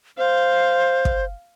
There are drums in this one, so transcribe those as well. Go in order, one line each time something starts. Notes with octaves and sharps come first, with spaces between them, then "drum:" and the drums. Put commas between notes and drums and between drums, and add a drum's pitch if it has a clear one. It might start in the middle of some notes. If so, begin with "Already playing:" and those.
C5 F5
drum: kick